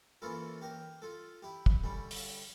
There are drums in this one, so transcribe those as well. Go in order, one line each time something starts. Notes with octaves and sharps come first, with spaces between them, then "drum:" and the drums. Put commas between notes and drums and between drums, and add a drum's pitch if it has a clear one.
E3 A#3 C#4 E4 F4 A4
G4 A#4
F4 A4
E4 G4
drum: kick
D3 G3 C#4 E4
drum: open hi-hat